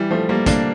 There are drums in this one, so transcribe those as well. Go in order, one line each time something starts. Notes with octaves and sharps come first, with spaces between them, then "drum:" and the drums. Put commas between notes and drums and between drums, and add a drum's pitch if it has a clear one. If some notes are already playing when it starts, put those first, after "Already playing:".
Already playing: E3 G3
F3 A3
G3 A#3
A#3 D4, drum: kick, hi-hat